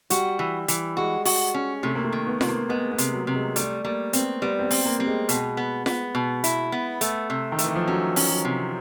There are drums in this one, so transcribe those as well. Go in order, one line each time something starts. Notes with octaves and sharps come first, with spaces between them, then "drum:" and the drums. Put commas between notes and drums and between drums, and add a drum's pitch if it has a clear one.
G3 F#4, drum: hi-hat
E3
E3, drum: hi-hat
G#3 F#4
F#4, drum: open hi-hat
C#4
C3 A3
A#3
A3
D#3
B3
C3, drum: snare F4
A#3
G#3 B3
B3
C3, drum: hi-hat
F#3
C3
G#3
G3 A3, drum: hi-hat
G3 A#3
B3 C4, drum: hi-hat
G3 B3
C4
B3
C4, drum: open hi-hat
A#3
G3 C4
G#3
B2, drum: hi-hat
B3
B3, drum: snare F4
B2
E4, drum: hi-hat
B3
A3, drum: hi-hat
C3
D#3
A3, drum: hi-hat
E3
F3
F#3 C#4
C#4, drum: open hi-hat
F#3
C3